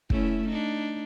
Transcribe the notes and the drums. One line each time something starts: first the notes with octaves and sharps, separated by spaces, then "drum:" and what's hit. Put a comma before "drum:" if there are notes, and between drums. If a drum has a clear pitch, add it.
A3 C#4 E4, drum: kick
D4 D#4